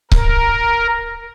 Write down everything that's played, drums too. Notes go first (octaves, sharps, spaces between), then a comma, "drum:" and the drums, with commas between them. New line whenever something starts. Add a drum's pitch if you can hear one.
A#4, drum: kick C#1